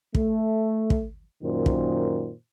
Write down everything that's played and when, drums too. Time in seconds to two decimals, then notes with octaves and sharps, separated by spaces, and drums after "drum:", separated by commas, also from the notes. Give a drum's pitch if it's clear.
0.15 A3, drum: kick
0.90 drum: kick
1.43 F#2 A#2 D#3 C5
1.66 drum: kick